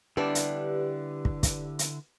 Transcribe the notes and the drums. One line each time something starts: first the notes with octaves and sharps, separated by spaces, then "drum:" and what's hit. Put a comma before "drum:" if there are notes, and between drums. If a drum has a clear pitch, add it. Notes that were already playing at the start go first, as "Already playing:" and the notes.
D3 G3 B3 D4 E4 G4 B4
drum: hi-hat
drum: kick
drum: kick, hi-hat
drum: hi-hat